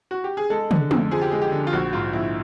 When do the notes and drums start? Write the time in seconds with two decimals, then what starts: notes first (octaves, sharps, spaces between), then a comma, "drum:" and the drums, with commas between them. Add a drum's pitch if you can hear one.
0.11 F#4
0.24 G4
0.37 G#4
0.50 G#3 A4
0.71 D3, drum: tom
0.91 F2, drum: tom
1.11 F3 G#4
1.22 G4
1.31 G#3 G#4
1.42 G4
1.52 D3
1.67 F4
1.73 A#1 F#4
1.93 G#2 F4
2.13 A#1 E4